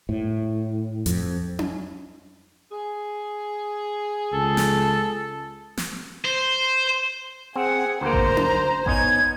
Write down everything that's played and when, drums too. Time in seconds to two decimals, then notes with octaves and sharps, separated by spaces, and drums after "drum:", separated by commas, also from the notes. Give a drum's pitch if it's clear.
0.09 A2
1.06 F2, drum: hi-hat
1.59 drum: tom C#4
2.72 G#4
4.33 C#2 A4
4.57 drum: snare
5.77 drum: snare
6.25 C5
7.56 C4 G#4 F#5
8.01 D2 A#3 C5 A#5
8.13 drum: kick A1
8.37 drum: tom C#4
8.86 B3 C#4 D#4 G#6, drum: kick A1